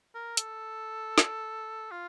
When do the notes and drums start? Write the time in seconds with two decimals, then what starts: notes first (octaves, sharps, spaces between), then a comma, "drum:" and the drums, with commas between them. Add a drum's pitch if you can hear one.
0.15 A#4
0.37 A4, drum: hi-hat
1.18 drum: snare
1.91 F4